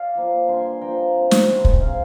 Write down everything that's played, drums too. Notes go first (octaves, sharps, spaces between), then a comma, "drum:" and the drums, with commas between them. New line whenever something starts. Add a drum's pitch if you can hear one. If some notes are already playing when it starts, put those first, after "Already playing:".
Already playing: D5 F5
F3 A#3
G2 G#5 C6
F3 A#3 G5 A#5
C3
drum: snare
D#3 G#3
drum: kick
C3 F5 G#5